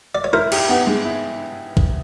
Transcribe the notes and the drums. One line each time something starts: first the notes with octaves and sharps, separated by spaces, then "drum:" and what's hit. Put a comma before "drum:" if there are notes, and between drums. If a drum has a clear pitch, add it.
D5
C#5
E4 A#4 C5
G4, drum: cymbal
B3
G#3
E4
drum: kick